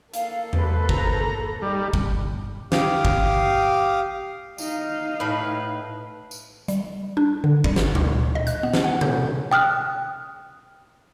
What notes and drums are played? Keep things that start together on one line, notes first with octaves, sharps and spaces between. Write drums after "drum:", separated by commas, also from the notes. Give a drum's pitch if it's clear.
A#3 A4 F5, drum: hi-hat
B4 C5, drum: tom E2
A#5, drum: kick
G3 D#4
drum: kick
G4 F5 D6 D#6 F6, drum: snare
drum: kick
D#4 F5, drum: tambourine
A2 B4
drum: tambourine
G3, drum: hi-hat
D4
D3
G3, drum: kick
drum: snare
D2, drum: tom A#2
D#5
F#6, drum: hi-hat
B3
drum: snare
F#5
G6, drum: tom B2
G5 D#6 F6 F#6